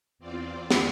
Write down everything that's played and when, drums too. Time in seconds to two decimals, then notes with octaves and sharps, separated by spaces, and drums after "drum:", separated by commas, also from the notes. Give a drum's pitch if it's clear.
0.19 E2 C4 F4 D5
0.71 drum: snare